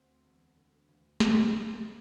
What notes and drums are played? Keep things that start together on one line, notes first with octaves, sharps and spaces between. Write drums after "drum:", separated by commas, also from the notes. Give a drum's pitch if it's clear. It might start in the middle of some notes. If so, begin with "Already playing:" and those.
Already playing: D2 C4 C5
E1
D3
D2
D2, drum: snare
D3
C5